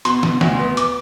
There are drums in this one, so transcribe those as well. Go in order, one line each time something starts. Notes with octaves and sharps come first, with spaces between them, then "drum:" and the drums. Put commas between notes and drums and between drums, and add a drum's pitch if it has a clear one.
B2 C6, drum: hi-hat
B2, drum: snare
D2, drum: snare
B3
D6, drum: hi-hat